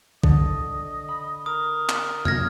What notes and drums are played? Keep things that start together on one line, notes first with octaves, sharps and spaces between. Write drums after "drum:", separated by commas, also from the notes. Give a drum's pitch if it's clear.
D3 D#5, drum: kick B1
B5
A#4 D#6
drum: clap
D#5 F6 G#6 A#6, drum: tom E2